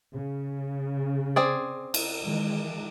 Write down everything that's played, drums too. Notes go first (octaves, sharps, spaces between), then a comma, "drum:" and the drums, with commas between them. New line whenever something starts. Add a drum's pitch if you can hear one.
C#3
C4 G#4 D5
drum: cymbal
D#3 E3 G#3